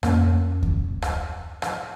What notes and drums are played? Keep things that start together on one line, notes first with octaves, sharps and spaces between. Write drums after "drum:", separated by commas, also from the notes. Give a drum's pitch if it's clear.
F2 A#3 C#4, drum: rim click
drum: kick D2
drum: rim click
drum: rim click